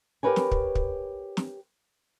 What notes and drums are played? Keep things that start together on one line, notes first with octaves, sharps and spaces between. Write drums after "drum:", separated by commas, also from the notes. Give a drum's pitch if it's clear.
G4 G#4 A#4 B4 C#5 G#5
drum: snare
drum: kick
drum: kick
drum: snare